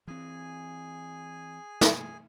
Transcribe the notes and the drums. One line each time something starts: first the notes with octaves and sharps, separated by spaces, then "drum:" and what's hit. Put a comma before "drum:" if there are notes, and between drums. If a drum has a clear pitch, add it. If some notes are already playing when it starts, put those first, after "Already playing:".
E3 C4 G#4 G#5
drum: snare